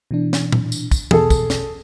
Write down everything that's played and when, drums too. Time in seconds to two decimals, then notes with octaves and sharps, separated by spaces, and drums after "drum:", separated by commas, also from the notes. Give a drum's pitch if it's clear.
0.11 B2 E3 D4
0.33 drum: snare
0.52 drum: tom A#2
0.72 drum: tambourine
0.91 drum: kick, tambourine
1.11 E2 B2 G#4 A4, drum: tom
1.30 drum: kick, tambourine
1.50 drum: snare